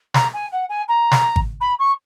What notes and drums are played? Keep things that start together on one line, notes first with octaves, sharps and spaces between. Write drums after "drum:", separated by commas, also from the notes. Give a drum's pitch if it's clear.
A#5, drum: snare
G#5
F#5
G#5
A#5
drum: snare
drum: kick G#1
B5
C#6